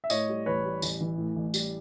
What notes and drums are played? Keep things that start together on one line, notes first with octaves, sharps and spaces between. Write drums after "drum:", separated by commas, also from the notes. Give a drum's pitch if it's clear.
E5
A2 C#5 D#5, drum: tambourine
G3
A1 B4 C#5
G3
A1, drum: tambourine
E3
A2
A1
G3, drum: tambourine